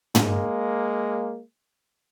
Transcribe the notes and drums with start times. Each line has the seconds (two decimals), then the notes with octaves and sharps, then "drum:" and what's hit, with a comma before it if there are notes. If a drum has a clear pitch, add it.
0.15 G#3 A#3, drum: tom